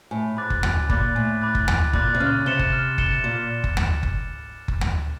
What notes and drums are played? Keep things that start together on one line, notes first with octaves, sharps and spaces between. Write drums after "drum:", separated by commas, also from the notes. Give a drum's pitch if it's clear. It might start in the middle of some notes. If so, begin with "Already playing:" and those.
A2 G#5
G#2 B5 D6 F#6 A6
drum: kick F#1
F#2 G#5, drum: tom D2
A#2 B5 D6 F#6 A6, drum: kick F#1
A2 G#5
B5 D6 F#6 A6
drum: kick F#1
G#5, drum: tom D2
A#2 B5 D6 F#6 A6, drum: kick F#1
C3
C#3 F6
C3 A6 C#7 E7 G7
drum: kick F#1
F6
A6 C#7 E7 G7, drum: kick F#1
A#2
drum: kick F#1
drum: tom D2
drum: kick F#1
drum: kick F#1
drum: tom D2